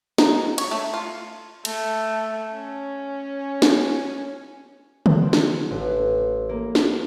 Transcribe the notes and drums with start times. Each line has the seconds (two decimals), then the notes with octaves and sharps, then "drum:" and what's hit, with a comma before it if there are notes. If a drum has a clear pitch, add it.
0.18 D#4, drum: snare
0.58 C#5, drum: cymbal
0.71 A3
0.94 F4
1.65 A3, drum: cymbal
2.55 C#4
3.62 drum: snare
5.06 drum: tom
5.22 C4
5.33 drum: snare
5.70 A1
6.49 A#3
6.75 drum: snare